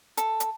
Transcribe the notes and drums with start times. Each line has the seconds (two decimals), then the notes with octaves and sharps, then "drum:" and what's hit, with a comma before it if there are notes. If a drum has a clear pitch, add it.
0.17 A4, drum: hi-hat
0.40 drum: hi-hat